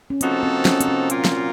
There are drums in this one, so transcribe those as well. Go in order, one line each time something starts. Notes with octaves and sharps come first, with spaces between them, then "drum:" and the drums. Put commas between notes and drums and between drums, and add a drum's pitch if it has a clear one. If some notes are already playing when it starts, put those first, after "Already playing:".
C#4
F3 A#3 C4 D#4 F#4 A4, drum: hi-hat
C4
C#4, drum: snare
C4, drum: hi-hat
C#4
A#2 F#3 A#3 F4, drum: hi-hat
drum: snare